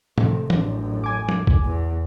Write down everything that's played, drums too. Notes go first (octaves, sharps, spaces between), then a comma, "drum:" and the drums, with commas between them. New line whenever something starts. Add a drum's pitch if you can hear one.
C3 D#3 A3, drum: tom
A1 F#2 D4, drum: tom E3
G#5 D6
drum: tom
drum: kick
E2